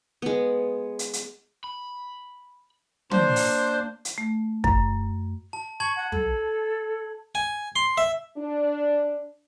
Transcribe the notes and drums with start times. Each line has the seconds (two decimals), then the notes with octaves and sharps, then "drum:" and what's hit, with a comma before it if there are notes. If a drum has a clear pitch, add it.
0.22 G#3 B3
0.99 drum: hi-hat
1.13 drum: hi-hat
1.64 B5
3.11 A#3 D4 C5, drum: tom
3.36 drum: open hi-hat
4.05 drum: hi-hat
4.18 A3
4.64 F#2, drum: kick
5.53 A5
5.80 A5 C#6 G#6 F#7
5.96 F#5
6.12 A4, drum: tom
7.35 G#5
7.76 C6
7.98 E5
8.37 D4